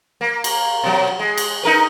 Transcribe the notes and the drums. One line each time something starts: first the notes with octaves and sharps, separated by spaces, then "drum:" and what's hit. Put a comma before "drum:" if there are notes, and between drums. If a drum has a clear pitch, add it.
A#3
drum: cymbal
B2 F#3
G#3
drum: cymbal
D#4 A#4 B4